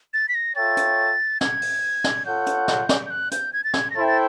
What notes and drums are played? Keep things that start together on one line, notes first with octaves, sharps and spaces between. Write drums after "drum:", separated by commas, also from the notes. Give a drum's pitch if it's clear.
A6
B6
A#6
F4 A4 C#5 E5 G5 A6
drum: hi-hat
G#6, drum: snare
drum: open hi-hat
drum: snare
F4 A4 C#5 F#5 G6
drum: hi-hat
drum: snare
drum: snare
G6
F#6
G6, drum: hi-hat
G#6
A6
G#6, drum: snare
A#6
E4 A4 C5 E5 G5 A6
A6